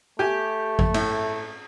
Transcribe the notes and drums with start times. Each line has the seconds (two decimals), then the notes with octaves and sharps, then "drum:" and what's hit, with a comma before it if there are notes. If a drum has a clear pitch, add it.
0.19 A3 G4 G#5
0.79 drum: kick A1
0.94 A2, drum: cymbal